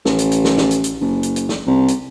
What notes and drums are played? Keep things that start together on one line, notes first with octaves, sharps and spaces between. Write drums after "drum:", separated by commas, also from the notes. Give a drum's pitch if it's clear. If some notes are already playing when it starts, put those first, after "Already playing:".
A1, drum: snare
drum: hi-hat
drum: hi-hat
drum: snare
drum: snare
drum: hi-hat
drum: hi-hat
F#1
drum: hi-hat
drum: hi-hat
drum: snare
C2
drum: hi-hat